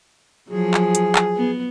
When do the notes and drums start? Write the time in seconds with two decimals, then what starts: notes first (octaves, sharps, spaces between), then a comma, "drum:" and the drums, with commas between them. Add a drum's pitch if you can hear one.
0.50 F3 F#3 G#4
0.74 drum: clap
0.95 drum: hi-hat
1.15 drum: clap
1.36 B3